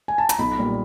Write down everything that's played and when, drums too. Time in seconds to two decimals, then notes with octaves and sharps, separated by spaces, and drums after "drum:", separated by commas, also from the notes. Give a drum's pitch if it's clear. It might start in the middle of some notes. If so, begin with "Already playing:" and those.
0.08 G#5
0.18 A5
0.29 A#5, drum: hi-hat
0.39 B1 B5
0.59 A#2 G3